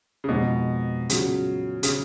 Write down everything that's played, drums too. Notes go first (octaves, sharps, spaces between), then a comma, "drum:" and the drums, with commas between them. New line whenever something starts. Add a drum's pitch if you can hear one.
C#3
F2 B2 F3 G#3 D#4
A#2 C#3 F#3 B3 F#4, drum: hi-hat
C#3, drum: hi-hat